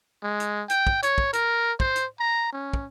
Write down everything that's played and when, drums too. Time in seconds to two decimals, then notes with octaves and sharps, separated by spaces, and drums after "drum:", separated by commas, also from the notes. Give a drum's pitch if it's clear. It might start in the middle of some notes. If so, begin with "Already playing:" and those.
0.23 G#3
0.40 drum: hi-hat
0.70 G5, drum: hi-hat
0.87 drum: kick
1.03 C#5, drum: hi-hat
1.18 drum: kick
1.33 A#4, drum: hi-hat
1.80 C5, drum: kick
1.96 drum: hi-hat
2.20 A#5
2.53 C#4
2.73 drum: kick